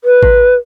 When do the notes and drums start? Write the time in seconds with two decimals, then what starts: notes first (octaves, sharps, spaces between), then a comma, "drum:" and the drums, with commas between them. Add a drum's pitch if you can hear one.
0.04 B4
0.23 drum: kick A1